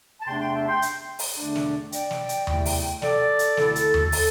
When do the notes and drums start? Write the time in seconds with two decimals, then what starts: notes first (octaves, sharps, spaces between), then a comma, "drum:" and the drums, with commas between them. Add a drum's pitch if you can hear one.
0.21 A5
0.27 E2 C3 A3 D4 G5 C6
0.41 G5 C6
0.55 E5 A5
0.68 G5 C6
0.82 drum: hi-hat
1.19 drum: open hi-hat
1.37 E2 D3 A3 D4
1.56 drum: snare
1.92 D5 G5, drum: hi-hat
2.11 drum: snare
2.29 drum: hi-hat
2.47 E2 C3 A3 E4, drum: tom D#2
2.66 drum: open hi-hat
3.02 A4 D5, drum: snare
3.39 drum: hi-hat
3.57 D2 D3 C4 E4 A4, drum: snare
3.76 drum: hi-hat
3.94 drum: tom D#2
4.12 drum: open hi-hat